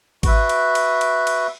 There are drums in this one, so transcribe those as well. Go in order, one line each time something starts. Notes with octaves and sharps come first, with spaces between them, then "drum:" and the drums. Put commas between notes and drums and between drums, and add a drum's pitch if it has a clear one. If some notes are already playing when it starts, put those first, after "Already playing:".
F#4 B4 E5, drum: kick G#1, cymbal
drum: cymbal
drum: cymbal
drum: cymbal
drum: cymbal